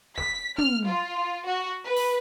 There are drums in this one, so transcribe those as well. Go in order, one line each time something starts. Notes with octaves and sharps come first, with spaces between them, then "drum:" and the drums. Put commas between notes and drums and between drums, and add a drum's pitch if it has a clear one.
B6, drum: snare
F6, drum: tom
F4
F#4
B4
drum: open hi-hat